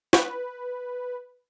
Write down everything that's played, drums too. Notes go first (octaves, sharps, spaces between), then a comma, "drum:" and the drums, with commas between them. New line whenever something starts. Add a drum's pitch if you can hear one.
B4, drum: snare